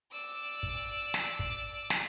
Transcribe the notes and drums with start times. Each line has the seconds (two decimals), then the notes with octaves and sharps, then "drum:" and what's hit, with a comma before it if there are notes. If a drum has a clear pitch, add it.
0.12 D5 E6
0.63 drum: kick
1.14 drum: snare
1.39 drum: kick
1.90 drum: snare